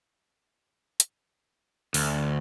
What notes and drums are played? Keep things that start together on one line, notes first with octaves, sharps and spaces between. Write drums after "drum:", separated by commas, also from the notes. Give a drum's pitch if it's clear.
drum: hi-hat
D2, drum: open hi-hat